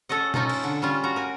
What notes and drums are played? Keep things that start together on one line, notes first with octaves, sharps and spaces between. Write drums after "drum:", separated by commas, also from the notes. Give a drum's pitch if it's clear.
C#4 A4 C#5 D#5 F#5
C#4 D#4 F4 A4, drum: tom B2
drum: cymbal
D3
G3 C#4 F4
F#4 A#5
A#4 G#5